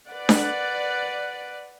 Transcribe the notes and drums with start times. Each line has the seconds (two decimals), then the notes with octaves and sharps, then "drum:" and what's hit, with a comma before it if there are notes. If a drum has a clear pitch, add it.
0.11 B4 D5 F#5
0.29 drum: snare D4